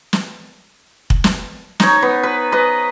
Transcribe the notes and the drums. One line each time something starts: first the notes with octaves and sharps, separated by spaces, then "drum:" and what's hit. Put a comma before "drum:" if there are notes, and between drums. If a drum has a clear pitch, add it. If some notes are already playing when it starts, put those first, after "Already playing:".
drum: snare
drum: kick
drum: snare
D#4 C#5, drum: snare
B3
B4
B4 D#5